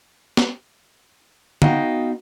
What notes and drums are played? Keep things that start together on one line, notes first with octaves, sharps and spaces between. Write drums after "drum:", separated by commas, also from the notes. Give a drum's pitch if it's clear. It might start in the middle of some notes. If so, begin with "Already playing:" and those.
drum: snare
B3 D#4 F#4 D#5 F5 G5, drum: tom